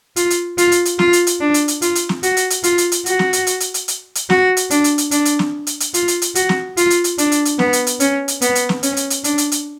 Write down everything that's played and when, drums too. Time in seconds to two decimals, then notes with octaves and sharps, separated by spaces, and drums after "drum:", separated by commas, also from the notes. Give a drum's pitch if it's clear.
0.16 F4, drum: hi-hat
0.30 drum: hi-hat
0.58 F4, drum: hi-hat
0.72 drum: hi-hat
0.85 drum: hi-hat
0.99 F4, drum: snare
1.13 drum: hi-hat
1.27 drum: hi-hat
1.40 D4
1.54 drum: hi-hat
1.68 drum: hi-hat
1.82 F4, drum: hi-hat
1.95 drum: hi-hat
2.09 drum: snare
2.23 F#4, drum: hi-hat
2.37 drum: hi-hat
2.50 drum: hi-hat
2.64 F4, drum: hi-hat
2.78 drum: hi-hat
2.92 drum: hi-hat
3.06 F#4, drum: hi-hat
3.19 drum: snare
3.33 drum: hi-hat
3.47 drum: hi-hat
3.60 drum: hi-hat
3.74 drum: hi-hat
3.88 drum: hi-hat
4.15 drum: hi-hat
4.30 F#4, drum: snare
4.57 drum: hi-hat
4.70 D4, drum: hi-hat
4.84 drum: hi-hat
4.98 drum: hi-hat
5.11 D4, drum: hi-hat
5.25 drum: hi-hat
5.39 drum: snare
5.67 drum: hi-hat
5.80 drum: hi-hat
5.94 F4, drum: hi-hat
6.08 drum: hi-hat
6.22 drum: hi-hat
6.35 F#4, drum: hi-hat
6.49 drum: snare
6.77 F4, drum: hi-hat
6.90 drum: hi-hat
7.04 drum: hi-hat
7.18 D4, drum: hi-hat
7.32 drum: hi-hat
7.45 drum: hi-hat
7.59 B3, drum: snare
7.73 drum: hi-hat
7.87 drum: hi-hat
8.00 C#4, drum: hi-hat
8.28 drum: hi-hat
8.41 B3, drum: hi-hat
8.55 drum: hi-hat
8.69 drum: snare
8.83 C#4, drum: hi-hat
8.97 drum: hi-hat
9.10 drum: hi-hat
9.24 D4, drum: hi-hat
9.38 drum: hi-hat
9.52 drum: hi-hat